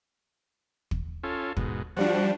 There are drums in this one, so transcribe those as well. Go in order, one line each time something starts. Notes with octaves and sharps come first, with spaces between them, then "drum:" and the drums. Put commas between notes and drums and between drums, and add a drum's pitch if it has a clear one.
drum: kick
C#4 F4 A4
G#2 B2, drum: kick
F3 G3 D4 F#4